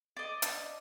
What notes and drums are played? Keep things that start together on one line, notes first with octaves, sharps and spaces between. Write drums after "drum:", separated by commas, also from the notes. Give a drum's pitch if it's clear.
D5 D#5
drum: hi-hat